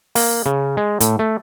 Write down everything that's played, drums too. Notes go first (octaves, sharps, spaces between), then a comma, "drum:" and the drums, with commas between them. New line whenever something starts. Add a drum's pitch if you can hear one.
A#3, drum: open hi-hat
C#3
G#3
A2, drum: hi-hat
A3